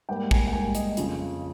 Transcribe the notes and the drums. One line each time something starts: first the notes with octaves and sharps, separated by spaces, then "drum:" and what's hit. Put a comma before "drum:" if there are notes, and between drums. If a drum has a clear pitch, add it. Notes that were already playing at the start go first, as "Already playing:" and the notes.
G#2 G3 A#3 G5
G#5, drum: kick
G5
G#2 G3 A#3 G#5
D#5, drum: hi-hat
F2 C#3 F3, drum: hi-hat